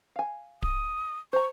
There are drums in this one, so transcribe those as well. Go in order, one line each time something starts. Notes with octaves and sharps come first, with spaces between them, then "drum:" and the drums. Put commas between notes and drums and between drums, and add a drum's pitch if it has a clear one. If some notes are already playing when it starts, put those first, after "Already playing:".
F5 G#5
D#6, drum: kick D1
C5 A#5 C#6